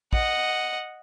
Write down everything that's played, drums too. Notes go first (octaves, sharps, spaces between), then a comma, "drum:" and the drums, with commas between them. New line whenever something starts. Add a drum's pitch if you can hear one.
D#5 F#5, drum: kick